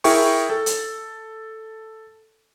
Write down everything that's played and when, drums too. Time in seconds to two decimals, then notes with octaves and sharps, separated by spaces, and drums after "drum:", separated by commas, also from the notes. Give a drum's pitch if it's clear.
0.04 E4 G#4 A#4 E5 G5 C#6, drum: open hi-hat
0.50 A4
0.66 drum: hi-hat